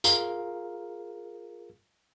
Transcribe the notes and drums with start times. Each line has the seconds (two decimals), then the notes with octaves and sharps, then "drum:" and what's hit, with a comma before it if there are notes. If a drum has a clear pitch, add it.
0.04 F4 G#4 A#4 F5, drum: tambourine